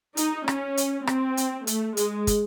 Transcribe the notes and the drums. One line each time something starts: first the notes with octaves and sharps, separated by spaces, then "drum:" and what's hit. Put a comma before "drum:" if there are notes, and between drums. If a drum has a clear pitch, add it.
D#4, drum: hi-hat
C#4, drum: rim click
drum: hi-hat
C4, drum: rim click
drum: hi-hat
A3, drum: hi-hat
G#3, drum: hi-hat
drum: kick, hi-hat